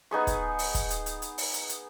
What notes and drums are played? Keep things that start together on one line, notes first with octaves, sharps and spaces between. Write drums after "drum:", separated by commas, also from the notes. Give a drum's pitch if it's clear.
B3 D#4 G#4 C#6
drum: kick, hi-hat
drum: open hi-hat
drum: kick, hi-hat
drum: hi-hat
drum: hi-hat
drum: hi-hat
drum: open hi-hat
drum: hi-hat
drum: hi-hat